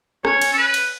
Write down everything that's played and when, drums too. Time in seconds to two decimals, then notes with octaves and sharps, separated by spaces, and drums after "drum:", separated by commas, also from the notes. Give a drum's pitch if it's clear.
0.25 C#4 C#5, drum: rim click
0.42 drum: cymbal
0.53 A4
0.58 B4
0.74 drum: cymbal